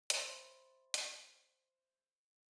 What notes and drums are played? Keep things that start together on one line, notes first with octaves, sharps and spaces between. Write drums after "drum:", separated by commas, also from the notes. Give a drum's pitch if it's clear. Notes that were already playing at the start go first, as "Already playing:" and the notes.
C5 E5 B5 C6 A6, drum: hi-hat
drum: hi-hat